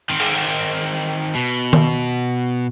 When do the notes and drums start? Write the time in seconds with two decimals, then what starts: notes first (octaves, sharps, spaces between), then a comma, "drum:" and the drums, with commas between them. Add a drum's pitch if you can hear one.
0.10 D#3 C4
0.20 drum: cymbal
1.35 B2
1.73 drum: tom D#3